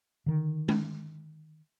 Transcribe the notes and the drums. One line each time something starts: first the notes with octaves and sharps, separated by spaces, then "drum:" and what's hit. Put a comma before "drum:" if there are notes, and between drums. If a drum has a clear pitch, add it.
D3 D#3
drum: tom G#3